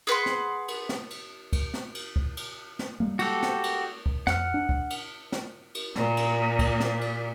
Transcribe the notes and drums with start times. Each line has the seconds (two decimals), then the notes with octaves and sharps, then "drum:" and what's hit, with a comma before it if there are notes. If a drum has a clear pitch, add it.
0.07 G#4 B4 F#5 C6
0.26 drum: snare
0.68 drum: cymbal
0.89 drum: snare
1.10 drum: cymbal
1.53 drum: kick, cymbal
1.74 drum: snare
1.95 drum: cymbal
2.16 drum: kick
2.37 drum: cymbal
2.79 drum: snare
3.00 G3 G#3 A#3
3.19 F#4 G4 A4, drum: cymbal
3.42 drum: snare
3.64 drum: cymbal
4.06 drum: kick
4.27 F2 F#5 F6, drum: snare
4.54 D4
4.69 drum: kick
4.90 drum: cymbal
5.32 drum: snare
5.75 drum: cymbal
5.96 A#2, drum: snare
6.17 drum: cymbal
6.59 drum: kick, cymbal
6.80 drum: snare
7.01 drum: cymbal